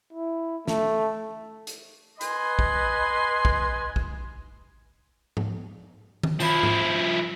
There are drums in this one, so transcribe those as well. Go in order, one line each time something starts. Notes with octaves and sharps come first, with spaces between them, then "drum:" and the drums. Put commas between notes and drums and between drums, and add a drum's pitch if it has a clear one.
E4
A3, drum: snare
drum: hi-hat
B4 D#5 G#5 C6, drum: hi-hat
drum: kick
drum: kick
drum: kick
drum: tom G#2
drum: tom D#3
F3 E4, drum: tambourine
drum: tom G#2